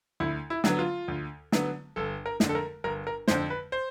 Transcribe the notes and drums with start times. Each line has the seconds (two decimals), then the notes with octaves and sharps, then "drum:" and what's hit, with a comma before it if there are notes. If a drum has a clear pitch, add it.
0.20 D2 E4
0.50 E4
0.64 D3 F#3 B3, drum: snare
0.79 F4
1.08 D2
1.52 D3 F#3 B3, drum: snare
1.96 G1 A4
2.26 A#4
2.40 F2 D3, drum: snare
2.49 A4
2.55 A#4
2.84 G1 A#4
3.07 A#4
3.28 F2 D3 C5, drum: snare
3.50 B4
3.72 C5